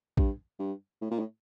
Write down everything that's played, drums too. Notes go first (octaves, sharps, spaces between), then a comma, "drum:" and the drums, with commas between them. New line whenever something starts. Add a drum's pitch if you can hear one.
G2, drum: kick A#1
G2
A2
A#2
A2